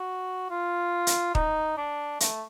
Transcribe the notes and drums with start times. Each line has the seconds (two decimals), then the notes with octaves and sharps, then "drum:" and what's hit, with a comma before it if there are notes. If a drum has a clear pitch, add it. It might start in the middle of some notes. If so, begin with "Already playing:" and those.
Already playing: F#4
0.50 F4
1.07 drum: hi-hat
1.35 D#4, drum: kick
1.78 D4
2.20 A3, drum: hi-hat